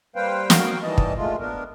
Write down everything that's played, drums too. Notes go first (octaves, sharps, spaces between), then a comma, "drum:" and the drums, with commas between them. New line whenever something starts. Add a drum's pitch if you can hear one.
G3 A#3 B4 C5 F5 G5
F#4 A#4 F5 G5, drum: snare
D#3 E3 G3 D#5 A5
drum: kick
A#2 G#3 A3 F4
B3 D4 A#4